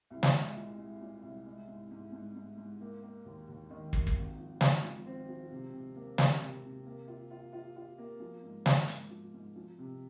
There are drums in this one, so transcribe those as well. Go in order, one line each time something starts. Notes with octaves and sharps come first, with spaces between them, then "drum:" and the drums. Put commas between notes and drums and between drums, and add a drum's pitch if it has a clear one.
C2
drum: snare
G#3
A#2
G#3
A#2
C2
G#3
G#2
G#2
G#2
G#2
G#2
A#3
A#3
D#2
D#2
D#3
A#3, drum: kick
drum: kick
G#1
F3
G#2, drum: snare
F3
C4
F3
C3
C3
A#3
C3, drum: snare
C3
C3
A#3
F4
F4
F4
F4
A#3
F3
G#2
G#2, drum: snare
G#2, drum: hi-hat
F3
G#2
F3
C3